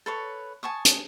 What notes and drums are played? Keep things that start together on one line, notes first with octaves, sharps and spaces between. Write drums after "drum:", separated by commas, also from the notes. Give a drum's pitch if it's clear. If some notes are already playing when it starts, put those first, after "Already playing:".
A4 B4 C#5
G#5 A5 C#6 D#6
drum: hi-hat